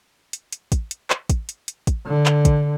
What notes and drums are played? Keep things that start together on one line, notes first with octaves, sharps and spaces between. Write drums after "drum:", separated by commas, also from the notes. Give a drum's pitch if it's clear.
drum: hi-hat
drum: hi-hat
drum: kick, hi-hat
drum: hi-hat
drum: clap
drum: kick, hi-hat
drum: hi-hat
drum: hi-hat
drum: kick, hi-hat
D3
drum: clap
drum: kick, hi-hat